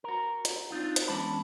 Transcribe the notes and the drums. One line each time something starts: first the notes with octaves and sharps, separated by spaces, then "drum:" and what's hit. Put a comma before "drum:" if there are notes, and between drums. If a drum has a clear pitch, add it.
F#4 A#4
drum: hi-hat
C4 D4 D#4 F4
drum: hi-hat
E2 G#3 C#4 D4 A5 B5